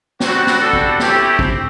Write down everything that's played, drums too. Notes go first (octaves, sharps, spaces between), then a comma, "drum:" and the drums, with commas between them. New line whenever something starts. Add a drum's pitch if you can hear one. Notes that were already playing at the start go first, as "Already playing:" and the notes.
G3 C4 F#4, drum: snare
drum: snare
G3 D4 F#4 A4
drum: kick
A3 C4 E4 G4, drum: snare
C4, drum: kick